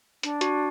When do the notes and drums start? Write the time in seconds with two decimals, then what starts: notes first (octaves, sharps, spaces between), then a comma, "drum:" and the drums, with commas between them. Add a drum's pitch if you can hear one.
0.23 D4, drum: hi-hat
0.41 F#4, drum: hi-hat